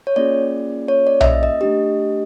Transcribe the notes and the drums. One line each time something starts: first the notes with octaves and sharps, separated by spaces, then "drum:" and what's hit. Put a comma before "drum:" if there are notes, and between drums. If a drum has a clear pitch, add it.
C#5
A#3 C#4 F4 G#4 D5
C#5
D5
E5, drum: tom B1
D#5
D#5
A3 D4 G4 D#5